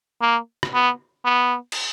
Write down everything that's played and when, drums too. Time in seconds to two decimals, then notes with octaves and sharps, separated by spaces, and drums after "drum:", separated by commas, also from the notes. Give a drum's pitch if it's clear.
0.21 A#3
0.63 drum: rim click
0.73 B3
1.25 B3
1.72 drum: cymbal